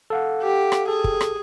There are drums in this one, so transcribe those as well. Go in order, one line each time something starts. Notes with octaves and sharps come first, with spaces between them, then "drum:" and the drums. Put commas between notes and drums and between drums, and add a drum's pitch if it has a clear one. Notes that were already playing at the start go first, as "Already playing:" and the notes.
A4 F5 F#5
G4
drum: rim click
G#4 A4
drum: kick
drum: rim click